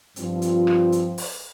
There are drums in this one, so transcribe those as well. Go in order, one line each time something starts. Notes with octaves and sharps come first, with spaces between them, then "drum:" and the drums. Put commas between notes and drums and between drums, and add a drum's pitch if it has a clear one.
G2 F3 C4 F4, drum: hi-hat
drum: hi-hat
drum: rim click
drum: hi-hat
drum: open hi-hat